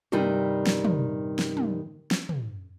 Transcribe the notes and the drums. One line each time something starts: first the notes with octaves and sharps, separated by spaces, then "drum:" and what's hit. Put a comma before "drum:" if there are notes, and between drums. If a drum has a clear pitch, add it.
G2 C3 D#3 G3, drum: tom
drum: snare
drum: tom
drum: snare
drum: tom
drum: snare
drum: tom